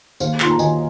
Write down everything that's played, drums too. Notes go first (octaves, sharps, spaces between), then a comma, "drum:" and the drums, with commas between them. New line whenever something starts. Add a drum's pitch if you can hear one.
D#2 C5 F5, drum: tambourine
D#3 A#3 F4 C6, drum: clap
A#5
D#2 D#5 G#5, drum: tambourine